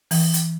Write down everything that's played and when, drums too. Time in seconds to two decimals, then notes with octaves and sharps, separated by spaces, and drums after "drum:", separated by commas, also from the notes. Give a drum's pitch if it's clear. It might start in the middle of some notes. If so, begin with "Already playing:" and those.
0.11 E3, drum: open hi-hat
0.34 drum: hi-hat